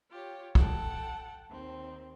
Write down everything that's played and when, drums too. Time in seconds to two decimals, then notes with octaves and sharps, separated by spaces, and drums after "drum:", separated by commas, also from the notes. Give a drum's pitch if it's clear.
0.10 F4 G4 C#5
0.55 A4 F#5 G5 A5, drum: kick
1.49 D#2 C4